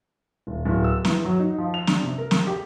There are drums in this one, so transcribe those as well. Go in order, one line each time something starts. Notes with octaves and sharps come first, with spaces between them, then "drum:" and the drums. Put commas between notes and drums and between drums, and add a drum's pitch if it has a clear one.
D#1
D1
E6
E3, drum: snare
F#3
D#4
F3
F7
D4, drum: snare
C3
A#4
drum: snare
G4